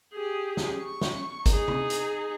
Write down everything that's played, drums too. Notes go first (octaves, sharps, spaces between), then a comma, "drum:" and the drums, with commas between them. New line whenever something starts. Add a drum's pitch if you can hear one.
G4 G#4
drum: snare
C#6
drum: snare
D#4 G#4, drum: kick, hi-hat
drum: tom C3
drum: hi-hat